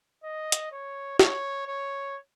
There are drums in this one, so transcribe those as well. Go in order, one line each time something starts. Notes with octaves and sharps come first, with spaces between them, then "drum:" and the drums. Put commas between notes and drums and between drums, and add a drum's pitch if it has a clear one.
D#5
drum: hi-hat
C#5
C#5, drum: snare
C#5